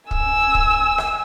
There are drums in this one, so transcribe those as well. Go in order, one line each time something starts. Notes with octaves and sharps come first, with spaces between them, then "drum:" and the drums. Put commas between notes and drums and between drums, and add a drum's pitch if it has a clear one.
G#5 E6, drum: kick
drum: kick
drum: rim click